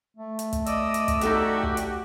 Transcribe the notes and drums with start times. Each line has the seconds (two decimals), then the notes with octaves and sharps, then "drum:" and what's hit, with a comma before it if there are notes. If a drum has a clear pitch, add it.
0.17 A3
0.39 drum: hi-hat
0.53 drum: kick, hi-hat
0.66 D5 D#5 E6, drum: hi-hat
0.94 drum: hi-hat
1.08 drum: kick, hi-hat
1.21 D#4 F#4 G4 A4 E5, drum: hi-hat
1.63 drum: kick
1.77 drum: hi-hat